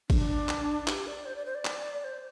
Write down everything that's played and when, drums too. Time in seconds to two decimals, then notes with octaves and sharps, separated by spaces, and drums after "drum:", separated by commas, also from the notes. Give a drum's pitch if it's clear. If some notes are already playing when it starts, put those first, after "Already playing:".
0.10 D4, drum: kick, cymbal
0.49 drum: clap
0.87 G4, drum: clap
1.07 D5
1.26 C5
1.36 D5
1.46 C5
1.55 D5
1.65 drum: clap
2.04 C5